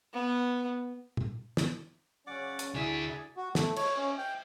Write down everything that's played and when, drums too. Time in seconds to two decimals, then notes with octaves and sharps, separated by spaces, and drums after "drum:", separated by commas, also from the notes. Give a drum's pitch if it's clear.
0.14 B3
1.17 drum: tom
1.57 drum: snare
2.27 C#3 F#3 C#4 D5 F#5 D6
2.59 drum: hi-hat
2.75 D2 D4 E4 F#4 G#4 D5 E5 G#5
3.37 F#4
3.55 A3, drum: snare
3.76 C#5, drum: cymbal
3.97 C#4
4.18 G5